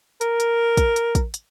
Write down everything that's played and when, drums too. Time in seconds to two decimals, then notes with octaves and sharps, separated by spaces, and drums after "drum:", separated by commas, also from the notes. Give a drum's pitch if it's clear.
0.21 A#4, drum: hi-hat
0.40 drum: hi-hat
0.77 drum: kick, hi-hat
0.96 drum: hi-hat
1.15 drum: kick, hi-hat
1.34 drum: hi-hat